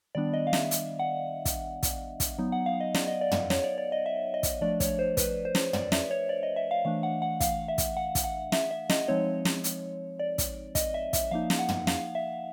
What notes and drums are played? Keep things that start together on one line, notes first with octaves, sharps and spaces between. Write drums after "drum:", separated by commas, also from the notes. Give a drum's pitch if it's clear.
D#3 G3 B3 D4 D5
D#5
F5
E5, drum: snare
drum: hi-hat
F#5
drum: kick, hi-hat
drum: kick, hi-hat
drum: kick, hi-hat
F#3 B3 D#4
F#5
F5
D#5
D5, drum: snare
D#5
D5
drum: tom
C#5, drum: snare
D5
D5
D#5
E5
D#5
drum: kick, hi-hat
F3 A3 D4 D5
C#5, drum: kick, hi-hat
C5
B4, drum: kick, hi-hat
C5
drum: snare
D5, drum: tom
E5, drum: snare
C#5
D5
D#5
E5
F5
E3 A3 D4 F5
F#5
F#5
F5, drum: kick, hi-hat
E5
drum: kick, hi-hat
F#5
drum: kick, hi-hat
F#5
E5, drum: snare
E5
D#5, drum: snare
F3 G#3 C4 D#4 C#5
drum: snare
drum: hi-hat
D5
drum: kick, hi-hat
D#5, drum: kick, hi-hat
E5
E5, drum: kick, hi-hat
F3 A#3 D#4 F5
drum: snare
F#5
drum: tom
F5, drum: snare
E5